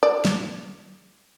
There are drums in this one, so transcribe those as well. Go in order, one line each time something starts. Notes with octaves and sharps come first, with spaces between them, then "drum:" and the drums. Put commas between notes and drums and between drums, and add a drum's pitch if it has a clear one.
D5
drum: snare